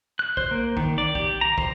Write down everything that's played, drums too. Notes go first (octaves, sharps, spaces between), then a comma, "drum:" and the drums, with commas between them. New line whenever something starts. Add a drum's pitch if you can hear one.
F#6
C5, drum: kick
A#3
D#3, drum: kick
D5
G4, drum: kick
A#5
C5, drum: kick